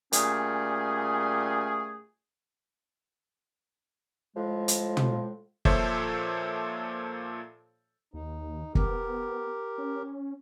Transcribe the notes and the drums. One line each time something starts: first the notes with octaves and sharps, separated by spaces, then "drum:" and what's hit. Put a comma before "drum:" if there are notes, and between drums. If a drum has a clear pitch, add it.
A#2 G3 A3 C#4 G#4, drum: hi-hat
A2 F3 G#3
drum: hi-hat
drum: tom
A#2 F3 A4 C5 C#5 E5, drum: kick
D#2 D#4
B3 G4 A#4, drum: kick
C#4